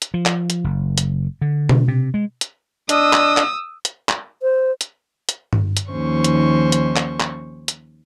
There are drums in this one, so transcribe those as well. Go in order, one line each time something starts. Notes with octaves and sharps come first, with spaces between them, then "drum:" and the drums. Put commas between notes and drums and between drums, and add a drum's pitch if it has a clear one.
drum: hi-hat
F3
drum: clap
drum: hi-hat
F#1
drum: hi-hat
D3
drum: tom B2
C3
G#3
drum: hi-hat
D4 D#5 D#6 E6, drum: hi-hat
drum: clap
drum: clap
drum: hi-hat
drum: clap
C5
drum: hi-hat
drum: hi-hat
drum: tom G2
drum: hi-hat
D#2 D#3 F3 C#4 C5 C#6
drum: hi-hat
drum: hi-hat
drum: clap
drum: clap
drum: hi-hat